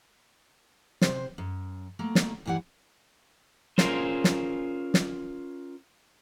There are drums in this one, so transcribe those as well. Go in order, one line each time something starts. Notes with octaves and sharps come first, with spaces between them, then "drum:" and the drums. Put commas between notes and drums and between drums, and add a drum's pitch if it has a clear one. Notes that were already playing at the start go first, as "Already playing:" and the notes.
C3 C5, drum: snare
F#2
F#3 A3 A#3
drum: snare
D#2 G#2 E3 G3 F#5
C#4 F4 G#4 A#4 C5, drum: snare
drum: snare
drum: snare